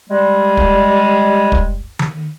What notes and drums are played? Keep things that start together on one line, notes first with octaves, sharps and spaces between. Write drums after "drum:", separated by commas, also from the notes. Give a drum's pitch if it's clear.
G3 G#3
drum: kick
drum: kick
drum: tom D#3